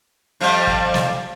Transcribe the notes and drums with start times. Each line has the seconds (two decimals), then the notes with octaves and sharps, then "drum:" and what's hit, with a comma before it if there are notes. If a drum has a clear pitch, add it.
0.41 F2 F3 G3
0.67 drum: kick
0.94 drum: snare